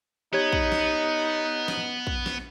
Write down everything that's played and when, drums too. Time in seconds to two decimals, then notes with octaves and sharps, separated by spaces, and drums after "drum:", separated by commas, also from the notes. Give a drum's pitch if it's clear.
0.33 B3 D#4 G4 C#5 G#6
0.53 drum: kick
0.72 drum: snare
1.68 drum: snare
2.07 drum: kick
2.26 drum: snare